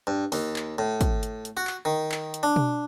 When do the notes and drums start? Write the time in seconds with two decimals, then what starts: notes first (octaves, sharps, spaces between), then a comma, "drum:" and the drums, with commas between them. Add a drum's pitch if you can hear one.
0.07 G2
0.32 D#2, drum: open hi-hat
0.56 drum: clap
0.78 A2
1.01 drum: kick, hi-hat
1.23 drum: hi-hat
1.45 drum: hi-hat
1.57 F#4
1.67 drum: clap
1.85 D#3
2.12 drum: clap
2.34 drum: hi-hat
2.43 D4
2.56 drum: tom B2